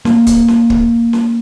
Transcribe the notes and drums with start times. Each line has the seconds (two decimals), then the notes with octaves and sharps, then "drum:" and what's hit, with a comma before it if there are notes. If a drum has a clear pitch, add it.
0.05 A#3, drum: snare C#4
0.27 drum: kick, hi-hat
0.48 drum: snare C#4
0.70 drum: kick
1.13 drum: snare C#4